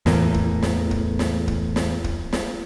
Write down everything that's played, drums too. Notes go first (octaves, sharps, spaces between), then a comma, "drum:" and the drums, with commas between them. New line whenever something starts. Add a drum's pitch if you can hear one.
E2 A2 E3 A#3, drum: snare
drum: kick
drum: snare
drum: kick
drum: snare
drum: kick
drum: snare
drum: kick
drum: snare